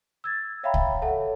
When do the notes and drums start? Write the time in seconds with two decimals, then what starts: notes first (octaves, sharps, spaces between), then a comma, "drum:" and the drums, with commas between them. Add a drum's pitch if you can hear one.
0.24 E6 G#6 A6
0.63 C#5 E5 F5 G5 A#5 B5
0.74 drum: kick C2
1.02 A4 C#5 E5 F#5 A5